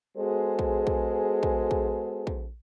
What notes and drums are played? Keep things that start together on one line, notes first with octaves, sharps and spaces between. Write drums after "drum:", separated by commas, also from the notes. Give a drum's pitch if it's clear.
G#3 B3 F#4 G#4 A4 C5
drum: kick
drum: kick
drum: kick
drum: kick
drum: kick